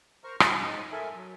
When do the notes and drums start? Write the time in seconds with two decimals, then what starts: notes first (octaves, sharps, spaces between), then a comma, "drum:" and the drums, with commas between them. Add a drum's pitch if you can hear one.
0.24 A#4 C5 A#5 C#6 F6
0.40 G#5, drum: rim click
0.61 G#2 D#4
0.92 A4 A#4 E5 G#5
1.15 F#3